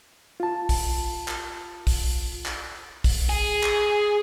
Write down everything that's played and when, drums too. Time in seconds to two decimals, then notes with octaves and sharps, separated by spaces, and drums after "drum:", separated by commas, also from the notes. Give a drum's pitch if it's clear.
0.40 F4 A5
0.69 drum: kick, open hi-hat
1.28 drum: clap
1.87 drum: kick, open hi-hat
2.46 drum: clap
3.04 drum: kick, open hi-hat
3.29 G#4
3.63 drum: clap